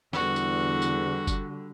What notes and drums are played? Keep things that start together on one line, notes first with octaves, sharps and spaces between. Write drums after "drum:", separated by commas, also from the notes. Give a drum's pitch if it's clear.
E2 D3 G3 F#4, drum: snare
drum: tambourine
drum: tambourine
drum: kick F#1, tambourine